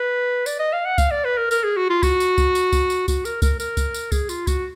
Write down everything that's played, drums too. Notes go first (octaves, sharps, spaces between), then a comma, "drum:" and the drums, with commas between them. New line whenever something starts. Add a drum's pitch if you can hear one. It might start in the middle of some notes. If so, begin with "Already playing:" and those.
Already playing: B4
D5, drum: tambourine
D#5
F5
F#5
F5, drum: kick C#2, tambourine
D5
B4
A#4
A#4, drum: tambourine
G#4
F#4
F4
F#4, drum: kick C#2, tambourine
drum: tambourine
drum: kick C#2, tambourine
drum: tambourine
drum: kick C#2, tambourine
drum: tambourine
F#4, drum: kick C#2, tambourine
A#4, drum: tambourine
A#4, drum: kick C#2, tambourine
A#4, drum: tambourine
drum: kick C#2, tambourine
drum: tambourine
G#4, drum: kick C#2, tambourine
F4, drum: tambourine
F#4, drum: kick C#2, tambourine